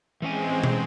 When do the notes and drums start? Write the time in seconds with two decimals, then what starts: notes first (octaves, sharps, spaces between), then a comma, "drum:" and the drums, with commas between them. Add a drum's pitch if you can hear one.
0.22 E3 G#3 C4 C#4 G#5
0.64 drum: tom